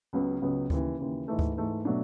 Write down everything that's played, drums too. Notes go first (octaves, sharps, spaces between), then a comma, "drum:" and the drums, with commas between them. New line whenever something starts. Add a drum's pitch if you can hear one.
C#2 C#3 F#3 B3
C#2 C#3 F#3 B3
D#2 C#3 E3, drum: kick D2
D#2 C#3 E3
G#2 E3 A3
drum: kick D2
G#2 E3 A3
B2 F#3 A3 D4